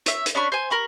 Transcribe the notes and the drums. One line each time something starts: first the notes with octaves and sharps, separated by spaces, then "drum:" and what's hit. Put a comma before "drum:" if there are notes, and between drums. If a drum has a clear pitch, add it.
C#5 E5, drum: hi-hat
drum: hi-hat
C#4 D4 B5 C#6
C5 G#5
A#4 B5 C#6